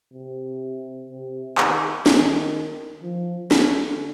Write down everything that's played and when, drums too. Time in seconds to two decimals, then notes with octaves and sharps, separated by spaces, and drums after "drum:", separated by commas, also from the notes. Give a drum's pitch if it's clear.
0.13 C3
1.09 C3
1.58 D#3, drum: clap
2.06 D#3, drum: snare
3.02 F3
3.51 D3, drum: snare